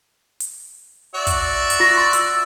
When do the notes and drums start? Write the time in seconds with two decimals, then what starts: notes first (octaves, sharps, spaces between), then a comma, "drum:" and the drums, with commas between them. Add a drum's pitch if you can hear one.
0.40 drum: hi-hat
1.15 F#4 D5 E5
1.27 drum: kick, hi-hat
1.70 drum: hi-hat
1.80 F4 C#6 A#6
1.97 C6 A6
2.13 E6, drum: hi-hat